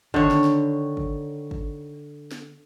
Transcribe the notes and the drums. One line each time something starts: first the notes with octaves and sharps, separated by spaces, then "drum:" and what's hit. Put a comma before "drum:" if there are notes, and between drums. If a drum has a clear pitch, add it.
D3 D#3 C#5, drum: kick
drum: snare
drum: snare
drum: kick
drum: kick
drum: snare